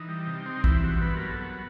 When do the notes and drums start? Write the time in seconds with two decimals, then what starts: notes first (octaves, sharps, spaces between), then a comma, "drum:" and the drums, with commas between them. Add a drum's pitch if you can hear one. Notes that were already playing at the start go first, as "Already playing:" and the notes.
Already playing: E3 D#4
0.08 G3
0.27 C3
0.45 C4 D#4
0.64 E3 E4, drum: kick A1
0.83 G2 F#4
1.02 B3 B4
1.16 F#3 A#4
1.30 A4
1.39 B3